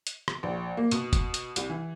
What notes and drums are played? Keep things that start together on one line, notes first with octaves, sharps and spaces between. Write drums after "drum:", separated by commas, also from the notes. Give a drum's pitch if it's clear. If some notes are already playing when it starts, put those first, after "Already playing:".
drum: hi-hat
drum: rim click
A#1
A#3
B2, drum: hi-hat
drum: kick, hi-hat
drum: hi-hat
C2, drum: hi-hat
E3